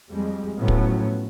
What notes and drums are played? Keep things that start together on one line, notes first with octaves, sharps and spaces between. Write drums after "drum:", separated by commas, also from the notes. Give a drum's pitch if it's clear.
F2 G3 G#3
A2 F3 F#3 B3 C#4
drum: kick